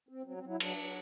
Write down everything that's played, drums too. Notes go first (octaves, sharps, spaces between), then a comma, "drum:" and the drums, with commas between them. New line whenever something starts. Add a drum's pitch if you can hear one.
C4
F#3 C4
C4
F#3
E4
F#3 D4, drum: cymbal
F#3